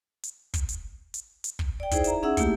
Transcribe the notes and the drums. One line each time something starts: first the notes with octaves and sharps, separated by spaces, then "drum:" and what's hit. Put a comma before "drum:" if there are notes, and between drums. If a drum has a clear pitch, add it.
drum: hi-hat
drum: kick, hi-hat
drum: hi-hat
drum: hi-hat
drum: hi-hat
drum: kick
D5 G5
D#4 E4 G#4 C5 D5, drum: kick, hi-hat
E5 A#5, drum: hi-hat
C#4 D#4 G#4 E5 F#5 E6
A3 A#3 E4 G4, drum: kick, hi-hat